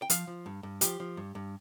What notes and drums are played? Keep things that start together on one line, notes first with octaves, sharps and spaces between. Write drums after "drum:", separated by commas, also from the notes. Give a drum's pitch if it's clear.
G5
F3 F5, drum: hi-hat
F3
G2
G2
F3 G4, drum: hi-hat
F3
G2
G2